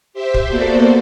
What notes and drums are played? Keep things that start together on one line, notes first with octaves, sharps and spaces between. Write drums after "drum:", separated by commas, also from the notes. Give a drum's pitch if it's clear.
G4 C5 E5
drum: kick
A#3 B3 F#4 A4 C5 D5